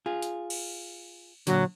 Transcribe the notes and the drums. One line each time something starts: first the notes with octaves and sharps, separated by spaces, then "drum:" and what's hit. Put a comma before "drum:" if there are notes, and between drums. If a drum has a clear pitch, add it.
F4 G#4
drum: hi-hat
drum: cymbal
A#2 D3 F#3, drum: hi-hat